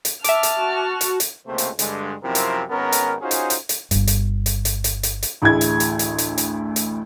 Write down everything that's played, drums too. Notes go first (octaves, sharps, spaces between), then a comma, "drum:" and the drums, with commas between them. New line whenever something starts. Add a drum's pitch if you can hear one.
drum: hi-hat
E5 A5 D6 F6, drum: hi-hat
drum: hi-hat
F#4
drum: hi-hat
drum: hi-hat
C#2 C3 A3 A#3 C5
drum: hi-hat
G2 D3 G#3, drum: hi-hat
F#2 C3 F3 C4 E4 A#4
drum: hi-hat
G#1 B3 C#4 A#4
drum: hi-hat
C#4 D#4 F4 F#4 G#4 C5
drum: hi-hat
drum: hi-hat
drum: hi-hat
G1 G2, drum: hi-hat
drum: hi-hat
drum: hi-hat
drum: hi-hat
drum: hi-hat
drum: hi-hat
drum: hi-hat
A1 D2 E4 G#4 G#6
drum: hi-hat
drum: hi-hat
drum: hi-hat
drum: hi-hat
drum: hi-hat
drum: hi-hat